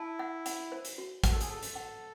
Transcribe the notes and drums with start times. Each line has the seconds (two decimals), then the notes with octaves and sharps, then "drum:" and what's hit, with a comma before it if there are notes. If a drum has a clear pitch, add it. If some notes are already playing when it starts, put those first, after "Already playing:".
Already playing: E4 A5
0.19 F#5
0.46 F#5, drum: hi-hat
0.72 C5
0.85 drum: hi-hat
0.98 F#4
1.24 F#5, drum: kick, hi-hat
1.32 A4
1.41 G#4, drum: hi-hat
1.49 A4 A5
1.63 drum: hi-hat
1.75 F#5